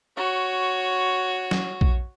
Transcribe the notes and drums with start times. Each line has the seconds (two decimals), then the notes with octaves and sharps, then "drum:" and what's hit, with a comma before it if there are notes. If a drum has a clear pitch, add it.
0.17 F#4 C#5
1.51 drum: snare
1.81 drum: kick A#1